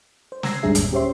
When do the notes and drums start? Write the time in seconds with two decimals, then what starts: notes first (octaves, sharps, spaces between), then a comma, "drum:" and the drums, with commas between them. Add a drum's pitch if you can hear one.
0.32 C5
0.43 A#5 E6 G#6 A#6 C7, drum: snare
0.63 D2 G#2 G3 D4 G#4 E5
0.75 G1 D#2 A#2, drum: hi-hat
0.92 C#4 G4 C5 C#5 E5 C6